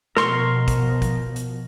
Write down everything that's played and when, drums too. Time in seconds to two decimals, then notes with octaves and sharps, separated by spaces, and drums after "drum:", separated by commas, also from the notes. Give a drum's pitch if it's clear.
0.17 B2 F3 A#4 C6 C#6, drum: snare
0.68 drum: kick, hi-hat
1.02 drum: kick, hi-hat
1.36 drum: hi-hat